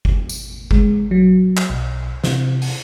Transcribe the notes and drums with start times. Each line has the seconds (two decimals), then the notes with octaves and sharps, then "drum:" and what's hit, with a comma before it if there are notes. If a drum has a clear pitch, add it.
0.05 drum: kick
0.29 drum: tambourine
0.71 G#3, drum: kick
1.11 F#3
1.57 drum: clap
1.70 B1
2.24 C3, drum: snare
2.62 drum: open hi-hat